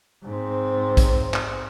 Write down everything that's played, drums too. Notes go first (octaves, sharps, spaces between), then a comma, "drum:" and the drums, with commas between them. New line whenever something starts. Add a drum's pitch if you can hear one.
G#2 C4
drum: kick A#1, hi-hat
drum: clap